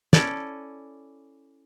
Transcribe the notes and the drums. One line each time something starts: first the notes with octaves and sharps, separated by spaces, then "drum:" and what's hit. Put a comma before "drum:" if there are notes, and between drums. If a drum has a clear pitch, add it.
C#4 E4 A4 D5, drum: snare